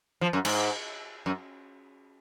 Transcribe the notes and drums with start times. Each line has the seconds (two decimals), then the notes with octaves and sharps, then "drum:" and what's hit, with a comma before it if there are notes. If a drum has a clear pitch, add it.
0.21 F3
0.33 F#2
0.45 G#2, drum: cymbal
1.26 F#2